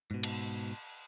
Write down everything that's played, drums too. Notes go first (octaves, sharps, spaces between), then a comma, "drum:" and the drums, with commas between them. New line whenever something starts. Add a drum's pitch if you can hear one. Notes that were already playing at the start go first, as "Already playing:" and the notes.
G#2 B2
drum: cymbal